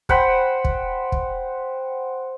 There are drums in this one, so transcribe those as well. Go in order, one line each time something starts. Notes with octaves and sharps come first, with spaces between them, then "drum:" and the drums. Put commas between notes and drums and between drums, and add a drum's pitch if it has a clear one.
C5 F#5 G5 B5, drum: kick
drum: kick
drum: kick